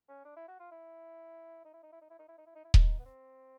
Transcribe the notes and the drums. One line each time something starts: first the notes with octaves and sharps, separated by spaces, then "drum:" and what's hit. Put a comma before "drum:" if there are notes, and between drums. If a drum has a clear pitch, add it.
C#4
D4
E4
F#4
F4
E4
D#4
E4
D#4
E4
D#4
E4
D#4
E4
D#4
E4
D#4
E4
D#4, drum: kick D#1
B3
C4